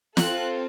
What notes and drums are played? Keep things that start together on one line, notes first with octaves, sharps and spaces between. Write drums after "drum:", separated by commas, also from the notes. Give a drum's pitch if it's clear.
C4 F4 A4 F#6, drum: snare